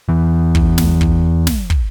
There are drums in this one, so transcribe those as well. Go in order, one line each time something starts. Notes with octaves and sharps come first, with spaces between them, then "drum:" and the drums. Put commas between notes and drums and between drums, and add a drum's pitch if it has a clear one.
E2 E3
drum: kick
drum: snare
drum: kick
drum: snare
drum: kick